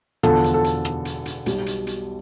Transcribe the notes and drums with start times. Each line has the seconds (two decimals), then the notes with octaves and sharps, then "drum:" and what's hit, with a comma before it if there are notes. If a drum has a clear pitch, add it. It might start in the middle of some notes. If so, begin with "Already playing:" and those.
0.23 E1 E2 D3 F3 A4, drum: rim click
0.44 drum: hi-hat
0.54 A4
0.64 drum: hi-hat
0.85 drum: rim click
1.05 drum: hi-hat
1.26 drum: hi-hat
1.46 B1 B2 G3, drum: hi-hat
1.66 drum: hi-hat
1.87 drum: hi-hat